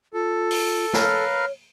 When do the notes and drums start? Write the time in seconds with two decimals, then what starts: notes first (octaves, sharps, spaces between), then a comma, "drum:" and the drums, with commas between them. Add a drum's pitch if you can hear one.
0.13 F4 A4
0.51 drum: open hi-hat
0.93 A#4 B4 C#5 F5, drum: snare